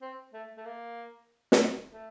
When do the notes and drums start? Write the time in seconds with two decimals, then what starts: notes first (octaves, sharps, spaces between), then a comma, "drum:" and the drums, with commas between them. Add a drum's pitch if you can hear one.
0.02 C4
0.34 A3
0.57 A3
0.65 A#3
1.52 drum: snare
1.90 A3